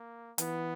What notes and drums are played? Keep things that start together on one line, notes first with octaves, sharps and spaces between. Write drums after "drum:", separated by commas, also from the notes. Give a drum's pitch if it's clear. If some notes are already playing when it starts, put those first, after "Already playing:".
Already playing: A#3
E3 B3, drum: hi-hat